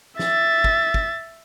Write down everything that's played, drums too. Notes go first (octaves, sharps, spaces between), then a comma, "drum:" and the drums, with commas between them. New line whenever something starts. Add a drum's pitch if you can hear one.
E5 A6, drum: snare
drum: kick
drum: kick